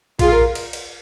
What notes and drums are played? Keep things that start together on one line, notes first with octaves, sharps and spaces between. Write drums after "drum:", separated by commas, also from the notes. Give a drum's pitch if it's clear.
F4 G#4, drum: kick A#1, cymbal
A#4
drum: cymbal
drum: cymbal